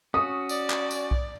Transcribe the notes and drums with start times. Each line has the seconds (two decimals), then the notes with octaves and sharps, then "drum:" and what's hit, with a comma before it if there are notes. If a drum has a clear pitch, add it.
0.14 C#4 F#4 D#6
0.49 D5, drum: tambourine
0.70 drum: clap
0.91 drum: tambourine
1.11 drum: kick B1